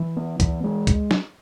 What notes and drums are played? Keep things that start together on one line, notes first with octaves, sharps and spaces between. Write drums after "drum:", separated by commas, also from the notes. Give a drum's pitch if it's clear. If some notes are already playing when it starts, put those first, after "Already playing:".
Already playing: E3
B3
E3, drum: kick C#2, hi-hat
G#3
drum: kick C#2, hi-hat
drum: snare